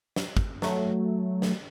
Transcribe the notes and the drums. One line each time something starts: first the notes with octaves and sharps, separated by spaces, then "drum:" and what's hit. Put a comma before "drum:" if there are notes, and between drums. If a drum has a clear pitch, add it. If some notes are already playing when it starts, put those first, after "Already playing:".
drum: snare
drum: kick
F#3 A3, drum: snare
drum: snare